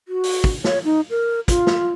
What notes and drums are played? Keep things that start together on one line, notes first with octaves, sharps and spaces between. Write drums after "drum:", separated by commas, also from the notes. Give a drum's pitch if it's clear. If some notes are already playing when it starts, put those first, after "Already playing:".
F#4
drum: open hi-hat
drum: kick
C#5, drum: snare
D#4
A#4
F4, drum: kick, hi-hat
drum: snare